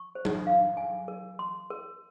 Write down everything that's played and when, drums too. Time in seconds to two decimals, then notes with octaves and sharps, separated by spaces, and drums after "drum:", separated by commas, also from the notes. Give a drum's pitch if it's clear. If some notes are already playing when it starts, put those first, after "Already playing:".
Already playing: C#6
0.15 C5
0.25 drum: tom F#3
0.47 F5
0.77 G#5
1.08 A#4
1.39 C6
1.70 A#4